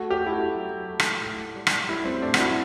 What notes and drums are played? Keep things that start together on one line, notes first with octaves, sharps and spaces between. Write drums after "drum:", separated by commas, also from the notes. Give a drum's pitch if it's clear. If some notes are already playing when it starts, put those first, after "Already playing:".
Already playing: A3 F#4
G4
A3
E4
F#4
F#3
A3
drum: rim click
A2
G3
drum: rim click
G3 E4
C4
A2 D4
F#4, drum: rim click
E4